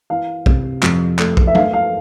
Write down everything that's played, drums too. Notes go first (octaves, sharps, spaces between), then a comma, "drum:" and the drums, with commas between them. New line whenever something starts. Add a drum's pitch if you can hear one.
E3 F5
C3, drum: kick
F2, drum: clap
A3, drum: clap
drum: kick
E5
A3 F5, drum: tom F#3
F5